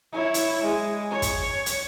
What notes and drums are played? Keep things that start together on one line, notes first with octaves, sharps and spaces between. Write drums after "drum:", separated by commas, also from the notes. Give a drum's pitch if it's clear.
E4 C#5
drum: hi-hat
G#3
C#5
drum: kick, hi-hat
drum: hi-hat